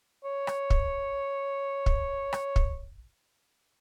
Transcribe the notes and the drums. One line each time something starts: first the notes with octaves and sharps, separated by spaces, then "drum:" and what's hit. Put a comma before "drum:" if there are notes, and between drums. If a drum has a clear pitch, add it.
C#5
drum: rim click
drum: kick
drum: kick
drum: rim click
drum: kick